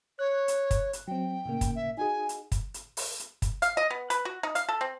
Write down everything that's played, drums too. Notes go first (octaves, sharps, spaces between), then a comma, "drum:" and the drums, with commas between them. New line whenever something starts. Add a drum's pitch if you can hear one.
C#5 F#6
drum: hi-hat
drum: kick, hi-hat
drum: hi-hat
F#3 C4 G5
A2 C#3 A#3
drum: kick, hi-hat
E5
D#4 F#4 G#4 G#5
drum: hi-hat
drum: kick, hi-hat
drum: hi-hat
drum: open hi-hat
drum: hi-hat
drum: kick, hi-hat
F5, drum: hi-hat
D#5
B3
B4, drum: hi-hat
F#4
D#4
F5, drum: hi-hat
A4
C4